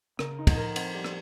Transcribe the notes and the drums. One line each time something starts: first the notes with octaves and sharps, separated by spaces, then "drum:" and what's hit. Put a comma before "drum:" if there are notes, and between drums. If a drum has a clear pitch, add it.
C#3 A#4, drum: rim click
D#4
F3, drum: kick, cymbal
A#4
C4, drum: cymbal
G3
drum: rim click